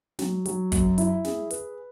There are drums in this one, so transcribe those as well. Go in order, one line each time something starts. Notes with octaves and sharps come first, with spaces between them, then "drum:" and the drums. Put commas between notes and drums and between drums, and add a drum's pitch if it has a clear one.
F#3, drum: snare
F#3, drum: hi-hat
F#2, drum: kick, hi-hat
E4, drum: hi-hat
G#4, drum: snare
B4, drum: hi-hat